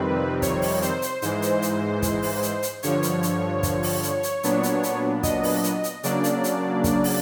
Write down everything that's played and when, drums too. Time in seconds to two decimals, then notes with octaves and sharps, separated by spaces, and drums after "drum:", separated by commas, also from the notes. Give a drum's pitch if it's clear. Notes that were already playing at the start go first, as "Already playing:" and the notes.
Already playing: F2 C3 D#3 G3 C4 B4
0.42 C#5, drum: kick, hi-hat
0.62 drum: open hi-hat
0.82 C5, drum: hi-hat
1.02 drum: hi-hat
1.22 G#2 E3 G#3 C5, drum: hi-hat
1.42 drum: hi-hat
1.62 drum: hi-hat
2.02 drum: kick, hi-hat
2.22 drum: open hi-hat
2.42 drum: hi-hat
2.63 drum: hi-hat
2.83 G2 D3 F3 C#5, drum: hi-hat
3.03 drum: hi-hat
3.23 drum: hi-hat
3.63 drum: kick, hi-hat
3.83 drum: open hi-hat
4.03 drum: hi-hat
4.23 drum: hi-hat
4.43 A#2 F#3 B3 D4, drum: hi-hat
4.63 drum: hi-hat
4.83 drum: hi-hat
5.23 D#5, drum: kick, hi-hat
5.43 drum: open hi-hat
5.63 drum: hi-hat
5.84 drum: hi-hat
6.03 C#3 F#3 A#3 D4 D5, drum: hi-hat
6.24 drum: hi-hat
6.44 drum: hi-hat
6.84 drum: kick, hi-hat
7.04 drum: open hi-hat